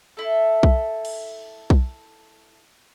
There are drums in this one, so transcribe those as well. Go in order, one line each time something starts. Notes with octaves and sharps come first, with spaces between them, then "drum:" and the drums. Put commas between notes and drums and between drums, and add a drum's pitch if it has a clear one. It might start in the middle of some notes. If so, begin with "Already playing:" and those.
E4 A4
drum: kick B1
drum: cymbal
drum: kick B1